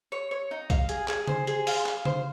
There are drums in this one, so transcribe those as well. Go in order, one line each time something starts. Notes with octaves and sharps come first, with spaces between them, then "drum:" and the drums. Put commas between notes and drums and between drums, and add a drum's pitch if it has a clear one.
C#5
C#5
D#4
F5, drum: kick, hi-hat
G#4, drum: hi-hat
G#4, drum: clap
C5, drum: tom C#3
G#4, drum: hi-hat
F5, drum: open hi-hat
F5, drum: clap
C5, drum: tom C#3